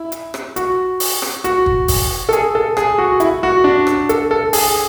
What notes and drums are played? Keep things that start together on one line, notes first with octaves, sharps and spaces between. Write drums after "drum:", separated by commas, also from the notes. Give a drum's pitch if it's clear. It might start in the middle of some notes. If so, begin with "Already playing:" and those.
Already playing: E4
drum: hi-hat
drum: rim click
F#4, drum: hi-hat
drum: open hi-hat
drum: rim click
F#4, drum: hi-hat
drum: kick
drum: kick, open hi-hat
A4
G#4, drum: hi-hat
A4
G#4, drum: rim click
F#4
E4, drum: hi-hat
F#4
D4
drum: rim click
A4, drum: hi-hat
A4
G#4, drum: open hi-hat